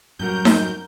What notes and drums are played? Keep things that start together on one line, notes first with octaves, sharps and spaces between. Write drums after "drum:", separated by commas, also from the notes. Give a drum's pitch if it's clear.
F#2 A2 C#3 F#3 G3 F#4 A#4 G6
drum: snare D#4